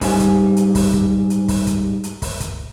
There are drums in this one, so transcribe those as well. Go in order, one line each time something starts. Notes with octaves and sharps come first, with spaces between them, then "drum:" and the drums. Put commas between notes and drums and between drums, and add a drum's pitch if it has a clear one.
G#2 G3 G#5, drum: kick, open hi-hat
drum: kick, hi-hat
drum: hi-hat
drum: kick, open hi-hat
drum: kick
drum: hi-hat
drum: kick, open hi-hat
drum: kick, hi-hat
drum: hi-hat
drum: kick, open hi-hat
drum: kick, hi-hat